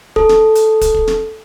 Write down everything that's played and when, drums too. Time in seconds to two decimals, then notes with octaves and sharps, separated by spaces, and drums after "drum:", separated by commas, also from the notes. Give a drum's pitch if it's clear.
0.16 A4, drum: kick
0.29 drum: snare
0.55 drum: hi-hat
0.81 drum: kick, hi-hat
0.94 drum: kick
1.07 drum: snare